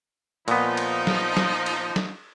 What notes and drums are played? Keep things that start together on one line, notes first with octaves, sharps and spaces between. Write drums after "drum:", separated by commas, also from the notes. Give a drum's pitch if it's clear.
A#2 F3 B3 D#4, drum: cymbal
drum: cymbal
drum: snare
drum: snare
drum: cymbal
drum: snare